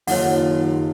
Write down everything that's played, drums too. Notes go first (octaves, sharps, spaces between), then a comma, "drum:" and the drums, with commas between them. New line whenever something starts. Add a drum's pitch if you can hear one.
F#1 D#2 F4 C#5 F#5, drum: open hi-hat